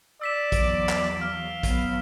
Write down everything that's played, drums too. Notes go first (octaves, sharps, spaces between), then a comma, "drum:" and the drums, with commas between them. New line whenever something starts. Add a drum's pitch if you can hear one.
D5 E6 B6 E7
E2 F#3 D7, drum: kick, hi-hat
drum: clap
F5 F6
F#3 B3, drum: kick, hi-hat